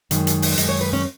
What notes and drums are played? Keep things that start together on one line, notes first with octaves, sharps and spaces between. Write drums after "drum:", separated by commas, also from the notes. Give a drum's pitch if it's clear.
F#2 D#3 G#3, drum: hi-hat
drum: hi-hat
drum: open hi-hat
F#2 D#3 G#3 D#5, drum: hi-hat
C#5
B4
C#4